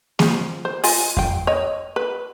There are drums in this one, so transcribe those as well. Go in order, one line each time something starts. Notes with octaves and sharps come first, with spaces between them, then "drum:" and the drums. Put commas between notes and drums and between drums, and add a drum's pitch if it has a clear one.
F3 G#4, drum: snare A#3
C5
F4 D#5 G#5, drum: open hi-hat
F5 G5, drum: kick F2
C#5 D#5
B4